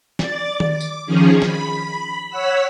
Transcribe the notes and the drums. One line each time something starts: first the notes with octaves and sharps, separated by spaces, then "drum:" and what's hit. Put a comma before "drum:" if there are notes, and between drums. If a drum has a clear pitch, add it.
D5 A6, drum: snare
drum: tom D#3
D6
drum: tambourine
D#3 F3 C#4 G#4
B5, drum: snare
C#5 F#5 E6 B6